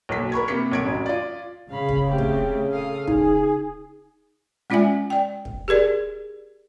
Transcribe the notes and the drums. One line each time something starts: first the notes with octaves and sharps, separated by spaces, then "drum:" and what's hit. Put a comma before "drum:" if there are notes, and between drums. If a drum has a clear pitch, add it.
B1 A#3 B6
A#4 B5 C#6 G#6
C3 A#3 D6 B6 C#7
B1 G#6 D7
A1 F#2
F4 D5
C#3 F5 B5
drum: kick
A3 C4 G4
drum: kick
A4 F5 D#6
D#4 G#4, drum: kick
G#3 C#4 F4 D5 E5 G#5
D5 G5
drum: kick
G4 G#4 A#4 D5